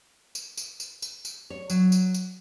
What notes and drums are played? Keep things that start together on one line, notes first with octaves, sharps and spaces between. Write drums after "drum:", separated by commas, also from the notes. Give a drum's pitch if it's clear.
drum: tambourine
drum: tambourine
drum: tambourine
drum: tambourine
drum: tambourine
C#5
F#3, drum: tambourine
drum: tambourine
drum: tambourine